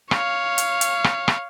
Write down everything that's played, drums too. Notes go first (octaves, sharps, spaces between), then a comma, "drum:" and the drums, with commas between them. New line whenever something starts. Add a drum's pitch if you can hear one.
C#5 F5, drum: rim click
drum: hi-hat
drum: hi-hat
drum: rim click
drum: rim click